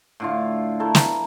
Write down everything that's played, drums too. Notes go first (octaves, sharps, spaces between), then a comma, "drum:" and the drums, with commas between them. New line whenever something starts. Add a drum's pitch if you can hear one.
A2 D3 F4
A3 E4 A4 A#4
drum: snare